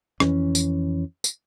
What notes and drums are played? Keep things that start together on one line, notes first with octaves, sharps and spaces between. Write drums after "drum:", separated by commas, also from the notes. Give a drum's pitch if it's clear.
F2 E3 C#4, drum: rim click
drum: tambourine
drum: tambourine